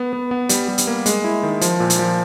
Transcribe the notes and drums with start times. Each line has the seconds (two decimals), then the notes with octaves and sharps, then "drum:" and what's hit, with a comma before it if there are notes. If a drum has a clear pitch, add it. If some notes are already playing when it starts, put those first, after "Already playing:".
Already playing: B3
0.13 B3
0.31 B3
0.49 G3, drum: hi-hat
0.68 G3
0.78 drum: hi-hat
0.87 A#3
1.06 G#3, drum: hi-hat
1.24 E4
1.43 D#3
1.61 F3, drum: hi-hat
1.80 A#2
1.90 drum: hi-hat
1.99 F3